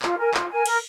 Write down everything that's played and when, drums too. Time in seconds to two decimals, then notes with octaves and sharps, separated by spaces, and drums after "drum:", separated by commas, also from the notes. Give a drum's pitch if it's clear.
0.02 F4, drum: clap
0.18 A#4 G#5
0.34 F4, drum: clap
0.50 A#4 G#5
0.66 A#4, drum: cymbal